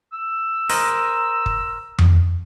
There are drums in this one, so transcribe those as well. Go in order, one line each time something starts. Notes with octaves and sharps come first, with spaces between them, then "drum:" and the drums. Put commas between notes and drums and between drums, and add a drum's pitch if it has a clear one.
E6
A#4 C5 D#5, drum: open hi-hat
drum: kick
drum: tom F2